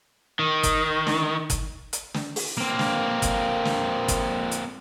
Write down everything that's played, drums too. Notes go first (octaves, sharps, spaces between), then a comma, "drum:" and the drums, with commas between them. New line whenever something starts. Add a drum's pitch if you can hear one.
D#3
drum: kick G1, hi-hat
drum: snare
drum: kick G1, hi-hat
drum: hi-hat
drum: snare
drum: open hi-hat
A#3 C4
drum: snare
drum: kick G1, hi-hat
drum: snare
drum: kick G1, hi-hat
drum: hi-hat